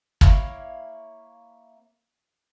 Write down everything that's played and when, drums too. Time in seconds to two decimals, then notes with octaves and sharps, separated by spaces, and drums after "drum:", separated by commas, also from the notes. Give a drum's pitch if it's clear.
0.21 A#3 E4 C#5 F5, drum: kick